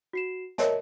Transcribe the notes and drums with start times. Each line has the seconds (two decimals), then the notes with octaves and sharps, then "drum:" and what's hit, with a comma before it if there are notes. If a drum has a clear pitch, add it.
0.13 F#4 C7 E7
0.58 A#4 C#5 D#5 E5 A5, drum: snare